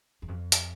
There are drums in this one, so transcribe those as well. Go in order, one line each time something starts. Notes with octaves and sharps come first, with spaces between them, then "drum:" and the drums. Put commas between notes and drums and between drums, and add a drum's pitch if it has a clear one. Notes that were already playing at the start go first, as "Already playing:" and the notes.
E2
F2
drum: hi-hat